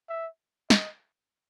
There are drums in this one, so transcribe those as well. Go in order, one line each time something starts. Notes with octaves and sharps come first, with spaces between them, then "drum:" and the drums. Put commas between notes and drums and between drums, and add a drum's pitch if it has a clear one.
E5
D#5, drum: snare